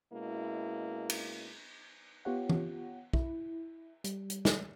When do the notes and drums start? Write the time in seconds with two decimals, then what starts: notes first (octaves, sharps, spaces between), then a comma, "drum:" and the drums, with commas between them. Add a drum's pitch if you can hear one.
0.13 B2 G#3 A#3 C#4 E4
1.10 drum: cymbal
2.25 B3 F4 G4 C#5 F#5
2.49 drum: tom E3
3.13 E4, drum: kick
4.04 G3, drum: hi-hat
4.30 drum: hi-hat
4.45 drum: snare